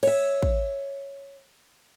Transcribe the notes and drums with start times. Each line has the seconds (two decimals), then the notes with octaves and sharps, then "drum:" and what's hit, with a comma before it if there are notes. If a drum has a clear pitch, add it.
0.03 C#5 E5, drum: cymbal
0.42 drum: kick